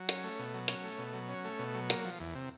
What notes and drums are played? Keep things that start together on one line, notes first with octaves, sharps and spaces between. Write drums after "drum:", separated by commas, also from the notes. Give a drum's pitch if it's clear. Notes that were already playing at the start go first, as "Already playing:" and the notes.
Already playing: F#3
C#4, drum: hi-hat
A3
B2
F#3
C#4, drum: hi-hat
A3
B2
F#3
C#4
A3
B2
F#3
A#3, drum: hi-hat
F3
E2
C3